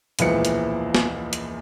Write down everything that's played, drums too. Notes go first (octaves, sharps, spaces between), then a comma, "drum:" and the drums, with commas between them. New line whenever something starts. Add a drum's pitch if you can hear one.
E1 C#2 A#2 E3 F3 C#7, drum: hi-hat
drum: hi-hat
drum: snare
drum: hi-hat